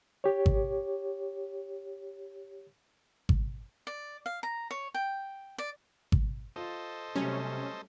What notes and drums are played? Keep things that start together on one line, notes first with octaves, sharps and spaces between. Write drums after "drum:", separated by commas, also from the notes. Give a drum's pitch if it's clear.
G4 C#5
drum: kick G#1
drum: kick G#1
D5
F5
A#5
C#5
G5
D5
drum: kick G#1
F4 A4 C5 D#5
C3 F#3 G3 A3 C#4